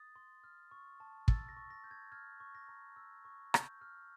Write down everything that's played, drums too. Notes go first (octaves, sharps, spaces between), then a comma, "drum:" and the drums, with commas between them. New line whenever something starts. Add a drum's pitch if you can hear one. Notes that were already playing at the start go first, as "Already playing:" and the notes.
Already playing: D#6 A6
C6
F6
C#6
A5
E6 A6, drum: kick
A#6
C#6
A#6
G6
G#6
F6 G#6
C#6
A#6
A#5
E6
C#6
G6, drum: rim click
F6